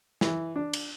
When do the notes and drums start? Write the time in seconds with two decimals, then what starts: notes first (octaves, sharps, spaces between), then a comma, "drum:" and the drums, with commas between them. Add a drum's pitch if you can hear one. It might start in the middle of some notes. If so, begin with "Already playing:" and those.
0.21 E3, drum: snare
0.56 D4
0.73 drum: cymbal